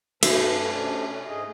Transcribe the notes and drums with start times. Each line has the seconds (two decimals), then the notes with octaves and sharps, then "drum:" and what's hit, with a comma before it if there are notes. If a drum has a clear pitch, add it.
0.23 G2 A3 B4 A5, drum: cymbal
0.70 C3 C#4 D4
1.28 G#2 G#4 D#5